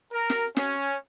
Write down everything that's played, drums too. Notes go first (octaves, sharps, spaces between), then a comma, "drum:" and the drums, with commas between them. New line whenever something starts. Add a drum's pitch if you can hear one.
A#4
drum: snare
C#4, drum: snare